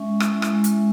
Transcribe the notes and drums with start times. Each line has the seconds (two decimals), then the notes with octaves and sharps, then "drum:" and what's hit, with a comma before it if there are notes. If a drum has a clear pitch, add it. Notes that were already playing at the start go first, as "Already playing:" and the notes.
Already playing: G#3 C#4 E5
0.20 E4, drum: rim click
0.42 drum: rim click
0.53 G#3
0.64 drum: hi-hat